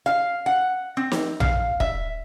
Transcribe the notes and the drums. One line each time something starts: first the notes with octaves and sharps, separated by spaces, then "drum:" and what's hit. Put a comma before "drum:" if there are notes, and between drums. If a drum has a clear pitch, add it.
F5
F#5
C4
drum: snare
F5, drum: tom A#1
E5, drum: kick E1